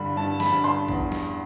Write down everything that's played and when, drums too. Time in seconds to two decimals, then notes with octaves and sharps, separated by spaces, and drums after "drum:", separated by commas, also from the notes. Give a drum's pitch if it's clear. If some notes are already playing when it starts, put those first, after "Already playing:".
Already playing: G2 D3 B5
0.16 G2 A5
0.40 B5, drum: snare
0.52 G2
0.64 C6, drum: hi-hat
0.88 E2, drum: kick
1.12 drum: snare